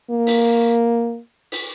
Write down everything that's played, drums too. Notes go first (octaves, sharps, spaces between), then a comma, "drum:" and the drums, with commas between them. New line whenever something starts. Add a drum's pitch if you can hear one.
A#3
drum: open hi-hat
drum: open hi-hat